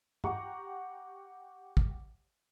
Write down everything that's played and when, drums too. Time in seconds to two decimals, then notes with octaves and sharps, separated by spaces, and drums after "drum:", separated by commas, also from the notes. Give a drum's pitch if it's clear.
0.24 G4 F#5 A#5 C#6, drum: tom
1.77 drum: kick